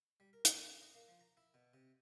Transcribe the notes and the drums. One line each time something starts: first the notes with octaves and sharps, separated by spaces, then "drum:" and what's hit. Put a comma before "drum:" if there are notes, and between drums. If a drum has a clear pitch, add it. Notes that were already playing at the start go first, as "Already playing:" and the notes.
G3
A#4
A4, drum: hi-hat
G#4
D#5
A#3
F3
A#5
E4
B2
C3